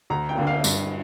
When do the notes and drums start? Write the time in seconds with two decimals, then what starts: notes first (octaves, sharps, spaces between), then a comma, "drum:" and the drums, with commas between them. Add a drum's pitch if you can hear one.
0.10 D2 A#5
0.29 G5, drum: cymbal
0.37 D3 A#3
0.47 F5
0.64 G2, drum: tambourine